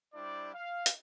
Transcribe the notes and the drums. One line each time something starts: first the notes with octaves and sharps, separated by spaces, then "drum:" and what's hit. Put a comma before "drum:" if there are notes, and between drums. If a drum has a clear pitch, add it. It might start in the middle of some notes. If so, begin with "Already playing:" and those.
G3 D4 E4 C5 D5
F5
drum: hi-hat